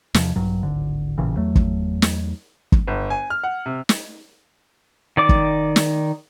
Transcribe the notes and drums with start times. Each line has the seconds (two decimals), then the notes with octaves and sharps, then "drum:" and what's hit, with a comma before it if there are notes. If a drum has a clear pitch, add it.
0.14 E2 C3 F3, drum: snare
0.36 A#1 G2 F#3
0.63 D1 G#1 D3
1.18 A1 A#2 C#3 E3
1.36 E2 F#3 A3
1.55 drum: kick
2.02 drum: snare
2.72 drum: kick
2.87 G1
3.10 G#5
3.30 F6
3.44 F#5
3.66 C3
3.89 drum: snare
5.17 D#3 D5 D6
5.29 drum: kick
5.76 drum: snare